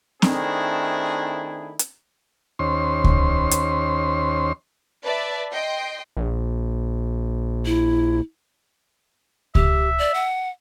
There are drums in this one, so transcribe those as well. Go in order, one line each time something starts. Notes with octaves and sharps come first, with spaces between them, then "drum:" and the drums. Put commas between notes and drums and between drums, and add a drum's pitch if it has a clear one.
D#3 A3 C4 D4 E4 G#4, drum: snare C4
drum: hi-hat
D#2 C#4 C5 C6
drum: kick C#2
drum: hi-hat
B4 D5 E5 A5
D#5 G5 C6
A#1
E4
G4 E5, drum: kick C#2
D5
F#5